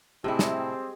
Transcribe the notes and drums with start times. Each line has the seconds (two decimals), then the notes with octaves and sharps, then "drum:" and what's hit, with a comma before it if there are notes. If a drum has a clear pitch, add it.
0.24 A2 C3 C4 E4 G4 G#4 D#5
0.39 drum: snare